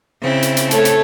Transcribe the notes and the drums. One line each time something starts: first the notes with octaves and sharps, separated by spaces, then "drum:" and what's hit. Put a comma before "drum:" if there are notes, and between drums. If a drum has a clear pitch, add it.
C#3 C4 E4
drum: hi-hat
drum: hi-hat
A3 A4 C#5, drum: hi-hat
drum: hi-hat